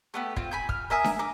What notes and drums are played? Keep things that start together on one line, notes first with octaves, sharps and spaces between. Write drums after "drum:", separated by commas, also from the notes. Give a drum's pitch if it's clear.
A3 B3 G4
C4 F4, drum: kick
G#5 B5 G6
F6, drum: kick
A#4 E5 G#5 D#6
drum: snare D4
A#4 D6